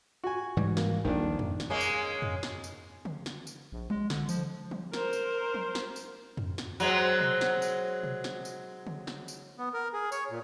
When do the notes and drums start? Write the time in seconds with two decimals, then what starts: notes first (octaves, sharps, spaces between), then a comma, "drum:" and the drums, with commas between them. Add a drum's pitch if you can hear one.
0.24 F#4 G#5
0.57 G#2 E3 G3
0.77 A#3, drum: snare
1.05 D#1 A#1 D#3 D4
1.39 drum: tom F2
1.60 drum: snare
1.70 G#3 A#3 C#4
1.81 drum: tambourine
2.22 drum: tom F2
2.43 drum: snare
2.64 drum: tambourine
3.05 drum: tom C#3
3.26 drum: snare
3.47 drum: tambourine
3.72 A#1
3.90 G#3, drum: tom F3
4.10 D3, drum: snare
4.29 F3, drum: tambourine
4.71 drum: tom F3
4.94 A#4 C5, drum: snare
5.13 drum: tambourine
5.54 drum: tom F3
5.75 drum: snare
5.96 drum: tambourine
6.37 drum: tom F2
6.58 drum: snare
6.80 F#3 G#3 C4, drum: tambourine
7.20 drum: tom B2
7.41 drum: snare
7.62 drum: tambourine
8.04 drum: tom B2
8.24 drum: snare
8.45 drum: tambourine
8.87 drum: tom C#3
9.07 drum: snare
9.28 drum: tambourine
9.58 B3
9.74 A#4
9.94 G#4
10.12 C#5, drum: tambourine
10.31 A#2